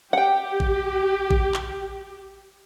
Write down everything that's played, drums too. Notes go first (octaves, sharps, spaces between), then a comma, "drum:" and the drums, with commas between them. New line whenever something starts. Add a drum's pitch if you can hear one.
G4 F#5 G5
drum: kick A1
drum: kick A1
drum: clap